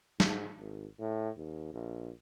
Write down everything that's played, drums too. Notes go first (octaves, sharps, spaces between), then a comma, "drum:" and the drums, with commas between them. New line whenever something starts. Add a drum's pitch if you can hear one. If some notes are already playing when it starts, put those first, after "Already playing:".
G#2, drum: snare
G#1
A2
D#2
A#1